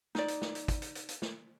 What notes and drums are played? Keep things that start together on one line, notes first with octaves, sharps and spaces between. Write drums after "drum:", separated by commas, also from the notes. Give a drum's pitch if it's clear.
D#4 D5, drum: snare
drum: hi-hat
drum: snare
drum: hi-hat
drum: kick, hi-hat
drum: hi-hat
drum: hi-hat
drum: hi-hat
drum: snare